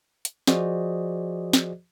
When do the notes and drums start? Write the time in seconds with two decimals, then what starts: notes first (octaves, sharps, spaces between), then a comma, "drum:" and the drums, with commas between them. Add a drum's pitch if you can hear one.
0.25 drum: hi-hat
0.47 F3 F#4 G#4 C5 D5 D#5, drum: snare
1.53 drum: snare